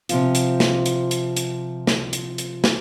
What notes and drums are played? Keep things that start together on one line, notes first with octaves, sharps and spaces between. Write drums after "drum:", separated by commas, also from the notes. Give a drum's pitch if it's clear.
C3 F3 F4, drum: hi-hat
drum: hi-hat
drum: snare
drum: hi-hat
drum: hi-hat
drum: hi-hat
drum: snare
drum: hi-hat
drum: hi-hat
drum: snare